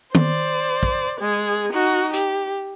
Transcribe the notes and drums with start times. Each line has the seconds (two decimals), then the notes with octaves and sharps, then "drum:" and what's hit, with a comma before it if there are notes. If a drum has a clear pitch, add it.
0.15 C5 D5, drum: tom D#3
0.83 drum: kick
1.21 G#3 G#4
1.73 D#4 F#4
2.14 G4, drum: hi-hat